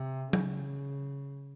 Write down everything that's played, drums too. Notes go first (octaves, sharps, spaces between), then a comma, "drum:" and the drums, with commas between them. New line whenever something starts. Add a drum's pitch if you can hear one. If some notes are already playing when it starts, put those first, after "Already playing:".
Already playing: C3
C#3, drum: tom